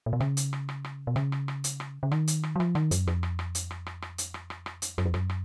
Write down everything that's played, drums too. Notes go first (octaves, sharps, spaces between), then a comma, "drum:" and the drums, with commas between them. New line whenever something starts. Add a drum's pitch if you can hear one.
A#2
B2
C#3, drum: rim click
drum: hi-hat
drum: rim click
drum: rim click
drum: rim click
B2
C#3, drum: rim click
drum: rim click
drum: rim click
drum: hi-hat
drum: rim click
C#3
D#3, drum: rim click
drum: hi-hat
drum: rim click
F#3
F3, drum: rim click
D#3, drum: rim click
F#2, drum: hi-hat
F2, drum: rim click
drum: rim click
drum: rim click
drum: hi-hat
drum: rim click
drum: rim click
drum: rim click
drum: hi-hat
drum: rim click
drum: rim click
drum: rim click
drum: hi-hat
F#2, drum: rim click
F2
F#2, drum: rim click
drum: rim click